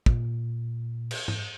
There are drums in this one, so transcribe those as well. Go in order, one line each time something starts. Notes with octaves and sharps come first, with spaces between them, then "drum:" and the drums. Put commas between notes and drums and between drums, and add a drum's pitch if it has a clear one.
A#2, drum: kick
drum: cymbal
drum: tom G#2